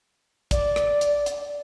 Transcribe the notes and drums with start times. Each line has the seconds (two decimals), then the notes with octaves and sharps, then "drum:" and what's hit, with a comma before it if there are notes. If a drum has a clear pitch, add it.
0.51 D5, drum: kick, hi-hat
0.76 drum: rim click
1.01 drum: hi-hat
1.26 drum: hi-hat